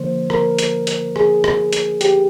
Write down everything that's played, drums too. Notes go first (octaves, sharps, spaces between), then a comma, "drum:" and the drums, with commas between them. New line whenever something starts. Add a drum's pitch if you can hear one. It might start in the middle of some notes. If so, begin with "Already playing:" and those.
Already playing: D3 F3 A#3 C5
A#4, drum: rim click
drum: hi-hat
drum: hi-hat
G#4, drum: rim click
drum: rim click
drum: hi-hat
G4, drum: hi-hat